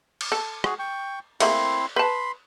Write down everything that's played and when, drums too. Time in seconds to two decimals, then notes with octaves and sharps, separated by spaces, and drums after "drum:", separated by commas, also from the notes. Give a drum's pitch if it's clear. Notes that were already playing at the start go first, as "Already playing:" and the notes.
0.21 drum: cymbal
0.32 A4
0.64 F#4 G#4, drum: rim click
0.79 G5 C#6
1.40 A3 A#3 C4 E4 G#4 C6, drum: cymbal
1.96 B4 A5 B5 C6